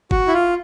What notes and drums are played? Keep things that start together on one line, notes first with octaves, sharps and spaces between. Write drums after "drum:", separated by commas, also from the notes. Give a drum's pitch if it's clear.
F#4, drum: kick G1
E4
F4